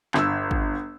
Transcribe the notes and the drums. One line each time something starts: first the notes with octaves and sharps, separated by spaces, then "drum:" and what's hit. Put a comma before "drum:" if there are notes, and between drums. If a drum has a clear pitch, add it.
G1 E6, drum: clap
drum: kick